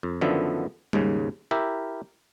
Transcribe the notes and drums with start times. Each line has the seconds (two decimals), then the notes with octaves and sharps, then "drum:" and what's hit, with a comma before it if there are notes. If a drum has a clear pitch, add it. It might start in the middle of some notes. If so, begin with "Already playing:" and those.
0.03 F2
0.21 F#2 D3 D#3 F3 B3 E5
0.93 D#2 G#2 C#3, drum: tom G3
1.51 E4 G4 A#4 E5